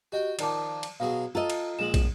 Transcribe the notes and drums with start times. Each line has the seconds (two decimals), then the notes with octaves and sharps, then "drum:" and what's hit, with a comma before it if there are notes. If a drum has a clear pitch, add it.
0.12 F#4 G4 D#5 G5
0.39 D#3 F3 D5 A5 D6, drum: cymbal
0.83 drum: cymbal
1.00 B2 F#3 G#4 F5
1.35 F4 A4 D#5 A#5
1.50 drum: cymbal
1.79 A#1 G#3 E7 F#7
1.94 drum: kick, cymbal